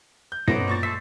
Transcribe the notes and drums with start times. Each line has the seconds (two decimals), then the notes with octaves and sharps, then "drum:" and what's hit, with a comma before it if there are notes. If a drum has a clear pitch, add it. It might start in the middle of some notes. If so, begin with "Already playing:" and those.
0.32 G6
0.48 B2 B3 C#4 D#4 C5 D5 A#6, drum: tom
0.68 A#2 C#6 A6
0.83 A4 C5 E5 B6